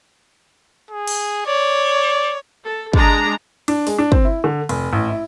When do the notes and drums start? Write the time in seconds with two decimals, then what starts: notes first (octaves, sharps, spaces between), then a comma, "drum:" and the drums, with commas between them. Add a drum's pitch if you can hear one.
0.91 G#4
1.08 drum: cymbal
1.46 C#5 D5
2.64 A4
2.93 G#3 D4 A#5, drum: kick
3.68 D4, drum: cymbal
3.87 G#3, drum: open hi-hat
3.98 D4
4.12 C4, drum: kick
4.25 E4
4.44 D3
4.69 F1, drum: cymbal
4.93 A1
5.09 E4